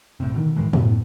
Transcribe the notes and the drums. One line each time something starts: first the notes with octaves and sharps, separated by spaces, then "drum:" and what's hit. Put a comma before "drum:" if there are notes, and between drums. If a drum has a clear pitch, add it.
F#1 A2 C3
B2 D3 D#3
G#2 D#3 E3 G#3
F#2 A2 A3 B3, drum: tom